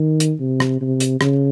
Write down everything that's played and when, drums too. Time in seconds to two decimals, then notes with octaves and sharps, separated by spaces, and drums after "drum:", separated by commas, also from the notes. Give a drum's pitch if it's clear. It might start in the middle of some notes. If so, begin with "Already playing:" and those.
Already playing: D#3
0.20 drum: hi-hat
0.40 C3
0.60 drum: rim click
0.81 C3
1.00 drum: hi-hat
1.21 C#3, drum: rim click